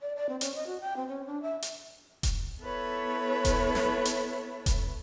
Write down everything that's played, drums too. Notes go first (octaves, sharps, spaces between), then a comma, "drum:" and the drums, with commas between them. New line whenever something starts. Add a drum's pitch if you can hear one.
D5
D5
C4
C#4, drum: hi-hat
D#5
F#4
G5
C4
C#4
D4
E5
drum: hi-hat
drum: kick E1, hi-hat
B3 E4 A4 B4 C#5 E5
drum: kick E1, hi-hat
drum: snare
drum: hi-hat
drum: kick E1, hi-hat